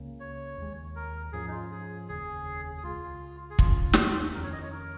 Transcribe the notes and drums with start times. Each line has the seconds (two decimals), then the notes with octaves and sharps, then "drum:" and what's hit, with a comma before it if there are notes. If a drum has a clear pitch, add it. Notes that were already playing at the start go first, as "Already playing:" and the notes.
Already playing: C#2 C#3 A#3 C#4
0.20 C#5
0.58 D#2 D#3 G#3
0.96 A#4
1.33 G#2 F3 C#4 G#4
1.48 D#4
1.52 F4
1.71 G#4
2.08 F1 D#2 C#3 G#4
2.78 G#4
2.83 C#2 C#3 G#3 F4
3.50 G#4
3.59 D#2 D#3 A#3 C#4 F4, drum: kick
3.93 drum: snare
4.34 F2 D#3 C#4 A#4
4.43 C#5
4.53 D#5
4.63 C#5
4.72 A#4